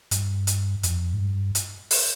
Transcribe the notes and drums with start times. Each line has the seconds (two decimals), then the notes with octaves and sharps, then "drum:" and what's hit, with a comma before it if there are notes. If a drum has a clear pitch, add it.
0.11 G2, drum: hi-hat
0.47 drum: hi-hat
0.83 F2, drum: hi-hat
1.13 G#2
1.19 G2
1.55 drum: hi-hat
1.91 drum: open hi-hat